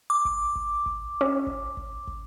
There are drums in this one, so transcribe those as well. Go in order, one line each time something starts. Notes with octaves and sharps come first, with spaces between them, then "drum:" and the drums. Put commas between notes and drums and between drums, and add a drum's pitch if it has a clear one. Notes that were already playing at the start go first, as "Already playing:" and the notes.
D6
drum: kick
drum: kick
drum: kick
C#4
drum: kick
drum: kick
drum: kick